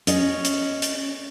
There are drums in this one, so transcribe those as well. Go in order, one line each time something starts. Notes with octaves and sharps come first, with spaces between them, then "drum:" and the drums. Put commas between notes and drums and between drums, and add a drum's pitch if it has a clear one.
C#4 D#5, drum: hi-hat
drum: hi-hat
drum: hi-hat